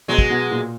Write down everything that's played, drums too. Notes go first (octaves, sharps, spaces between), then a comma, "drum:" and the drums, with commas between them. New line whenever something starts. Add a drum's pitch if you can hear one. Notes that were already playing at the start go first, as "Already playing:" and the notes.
B2 F#3 G#3
drum: kick
B2
A#2